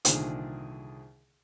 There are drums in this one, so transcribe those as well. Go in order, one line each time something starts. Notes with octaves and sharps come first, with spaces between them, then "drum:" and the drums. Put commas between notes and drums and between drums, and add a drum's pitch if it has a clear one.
C2 A#2 D3 D#3 G#4, drum: hi-hat